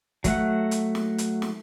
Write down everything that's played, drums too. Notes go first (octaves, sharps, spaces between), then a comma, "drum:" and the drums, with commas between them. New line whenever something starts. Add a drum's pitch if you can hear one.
F#3 A3 F#5, drum: kick, hi-hat
drum: hi-hat
drum: snare
drum: hi-hat
drum: snare